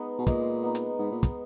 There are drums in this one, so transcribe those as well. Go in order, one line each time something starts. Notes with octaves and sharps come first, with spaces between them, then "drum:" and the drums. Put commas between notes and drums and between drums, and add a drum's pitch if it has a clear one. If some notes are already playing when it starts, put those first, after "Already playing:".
Already playing: G#3 B3 D#4
B2
A#2 G#3, drum: kick, hi-hat
B3 D#4
drum: hi-hat
G#2 B3
A#2
drum: kick, hi-hat